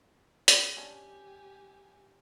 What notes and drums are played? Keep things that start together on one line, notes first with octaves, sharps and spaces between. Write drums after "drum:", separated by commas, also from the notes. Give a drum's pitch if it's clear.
drum: hi-hat
C#4 D4 G4 G#5